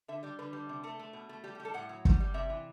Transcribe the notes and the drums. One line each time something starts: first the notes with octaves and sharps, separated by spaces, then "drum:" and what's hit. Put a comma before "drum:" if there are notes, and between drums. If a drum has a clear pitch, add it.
D3 E5
G3 D5
D3 B4
G3
C3
A3 A4
A3
B2
A3
G3 G4
G4
G3
A4
A2 F#5
F#3
G3, drum: kick
G3
C3 E5
E3